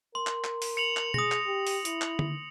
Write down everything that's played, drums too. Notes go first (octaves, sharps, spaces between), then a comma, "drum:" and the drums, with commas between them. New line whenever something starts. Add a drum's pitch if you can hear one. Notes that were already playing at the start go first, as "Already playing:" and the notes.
A#4 C6
drum: clap
drum: clap
drum: open hi-hat
C#7 F7 F#7
drum: clap
G#4 D#6 A#6, drum: tom B2
drum: clap
G4
drum: open hi-hat
E4, drum: hi-hat
drum: clap
drum: tom D3